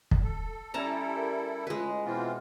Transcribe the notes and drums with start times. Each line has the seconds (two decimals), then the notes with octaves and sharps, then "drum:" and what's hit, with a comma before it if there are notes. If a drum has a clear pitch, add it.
0.11 drum: kick
0.24 A4
0.74 G3 C#4 E4 A4 A5 A#5
1.17 A#4
1.67 A2 G#3 F4 B4 D#5
2.05 B2 E3 C4 E4 F4